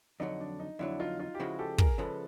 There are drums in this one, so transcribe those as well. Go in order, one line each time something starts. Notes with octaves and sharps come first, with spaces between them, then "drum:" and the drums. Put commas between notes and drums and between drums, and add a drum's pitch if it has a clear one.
F2 D3 F#3 D#4
D4
D#4
F2 D3 F#3 D4 E4
D#4 F4
D#4 F4
G4
C#3 F3 G#3 E4 F#4
G4 A4
G#4 A#4, drum: kick
C#3 F3 G#3 A4 B4